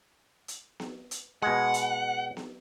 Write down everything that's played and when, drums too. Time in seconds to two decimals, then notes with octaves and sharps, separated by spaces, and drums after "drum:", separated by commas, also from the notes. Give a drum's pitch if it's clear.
0.48 drum: hi-hat
0.80 drum: snare B3
1.11 drum: hi-hat
1.42 B2 G#3 F#5
1.74 drum: hi-hat
2.37 drum: snare B3